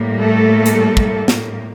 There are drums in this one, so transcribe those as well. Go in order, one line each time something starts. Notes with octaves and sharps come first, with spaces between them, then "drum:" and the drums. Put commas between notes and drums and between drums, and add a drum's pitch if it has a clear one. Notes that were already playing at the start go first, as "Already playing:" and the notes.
Already playing: A2 G3 A#3
A3 A4
drum: hi-hat
drum: kick
drum: snare